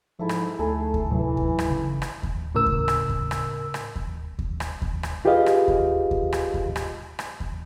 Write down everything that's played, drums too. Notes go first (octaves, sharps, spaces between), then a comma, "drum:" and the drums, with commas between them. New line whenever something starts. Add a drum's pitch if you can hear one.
G#2 F3 E4 A4 E5
drum: rim click
D2 A3 D#4 G#4 A4
drum: kick D#2
A2 C3 E3 F#3
drum: kick D#2
drum: rim click
G1 C#3
drum: rim click
drum: kick D#2
A2 C#3 A#4 E6
drum: kick D#2
drum: rim click
drum: kick D#2
drum: rim click
drum: rim click
drum: kick D#2
drum: kick D#2
drum: rim click
drum: kick D#2
drum: rim click
F4 G4 G#4 B4 D#5 F5
drum: rim click
drum: kick D#2
drum: kick D#2
drum: rim click
drum: kick D#2
drum: rim click
drum: rim click
drum: kick D#2